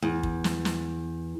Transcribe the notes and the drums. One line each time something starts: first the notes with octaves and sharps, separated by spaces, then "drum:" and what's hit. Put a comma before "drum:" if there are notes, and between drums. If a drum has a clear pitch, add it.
E2
drum: kick
drum: snare
drum: snare